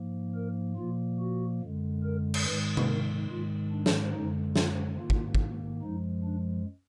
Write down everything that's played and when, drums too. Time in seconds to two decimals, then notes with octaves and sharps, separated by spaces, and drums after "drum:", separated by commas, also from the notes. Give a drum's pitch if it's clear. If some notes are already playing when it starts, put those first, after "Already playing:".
Already playing: G#2 F3 A#3
0.35 A#4
0.77 A#2 F3 A#3 F4
1.20 F#4
1.61 F#2 D3 G#3
2.04 A#4
2.34 drum: cymbal
2.45 G#2 D#3 G#3 B4
2.77 drum: tom C3
2.87 A#4
3.29 G#2 D#3 G#3 F4
3.71 D4
3.86 drum: snare
4.13 F#2 D3 G#3 D#4
4.56 F4, drum: snare
4.97 G#2 D#3 A#3 F4
5.10 drum: kick
5.35 drum: kick
5.82 F#2 F3 G#3 D#4
6.24 D4